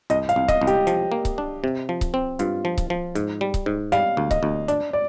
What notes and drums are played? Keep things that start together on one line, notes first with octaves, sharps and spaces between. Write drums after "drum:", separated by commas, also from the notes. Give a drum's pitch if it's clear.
C2 D#5, drum: hi-hat
F5, drum: hi-hat
C2
D#5, drum: kick C#1, hi-hat
C2
G4, drum: hi-hat
F3, drum: hi-hat
A#3
drum: kick C#1, hi-hat
D4
C3
F3
drum: kick C#1, hi-hat
C4
G2 F4, drum: hi-hat
F3
drum: kick C#1, hi-hat
F3
G#2, drum: hi-hat
G3
drum: kick C#1, hi-hat
G#2
G3 F5, drum: hi-hat
D2
D#5, drum: kick C#1, hi-hat
D2
D4 D5, drum: hi-hat
D5